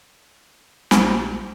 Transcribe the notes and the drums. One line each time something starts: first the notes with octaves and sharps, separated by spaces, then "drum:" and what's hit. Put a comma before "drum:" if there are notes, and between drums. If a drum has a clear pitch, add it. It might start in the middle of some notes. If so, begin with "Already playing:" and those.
A#1 G4 C5 C6, drum: snare